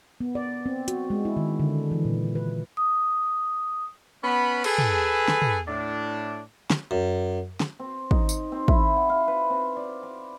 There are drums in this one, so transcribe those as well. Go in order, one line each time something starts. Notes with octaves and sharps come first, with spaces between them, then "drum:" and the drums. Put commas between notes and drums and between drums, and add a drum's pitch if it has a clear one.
B3
D5
C4
F#4, drum: hi-hat
G#3
E4
D#3
D3
E3
A#2
B4
D#6
B3 C#4 B5
G#4 A4 B4, drum: cymbal
drum: tom
drum: snare
drum: tom
A2 D4
drum: snare
F#2
drum: snare
C4
D#4, drum: kick
drum: tambourine
C4
E4, drum: kick
F#5
F5
B4
C4
D5
D6